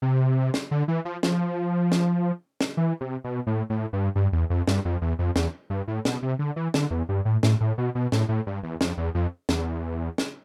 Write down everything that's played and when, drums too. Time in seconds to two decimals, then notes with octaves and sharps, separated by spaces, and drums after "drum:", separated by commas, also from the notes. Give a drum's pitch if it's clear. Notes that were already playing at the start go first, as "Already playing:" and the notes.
0.02 C3
0.54 drum: snare
0.71 D3
0.88 E3
1.05 F3
1.23 F3, drum: snare
1.92 drum: snare
2.61 drum: snare
2.77 E3
3.01 C3
3.24 B2
3.47 A2
3.70 A2
3.93 G2
4.15 G2
4.32 E2
4.50 F2
4.67 G2, drum: snare
4.85 F2
5.02 E2
5.19 F2
5.36 E2, drum: snare
5.70 G2
5.88 A2
6.05 B2, drum: snare
6.22 C3
6.39 D3
6.56 E3
6.74 D3, drum: snare
6.91 E2
7.09 G2
7.25 A2
7.43 A2, drum: snare
7.61 A2
7.78 B2
7.95 B2
8.12 A2, drum: snare
8.29 A2
8.47 G2
8.63 E2
8.81 F2, drum: snare
8.97 E2
9.15 F2
9.49 E2, drum: snare
10.18 drum: snare